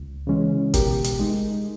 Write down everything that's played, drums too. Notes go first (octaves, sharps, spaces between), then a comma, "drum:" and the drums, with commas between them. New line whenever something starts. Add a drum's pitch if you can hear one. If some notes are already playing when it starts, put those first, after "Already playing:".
Already playing: C#2
C#3 E3 G#3 C#4
B2 G4 A#4, drum: kick, hi-hat
drum: hi-hat
G#3 D#4